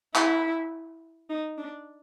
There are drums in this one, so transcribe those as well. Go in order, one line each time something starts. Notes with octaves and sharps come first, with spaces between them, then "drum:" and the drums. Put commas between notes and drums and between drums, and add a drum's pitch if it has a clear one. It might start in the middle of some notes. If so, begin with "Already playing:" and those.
E4, drum: clap
D#4
D4